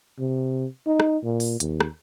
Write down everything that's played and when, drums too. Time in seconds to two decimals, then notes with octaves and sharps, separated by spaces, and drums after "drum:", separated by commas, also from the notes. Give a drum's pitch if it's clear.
0.19 C3
0.87 D#4
1.00 drum: rim click
1.24 A#2
1.40 drum: open hi-hat
1.60 D#2, drum: hi-hat
1.80 drum: rim click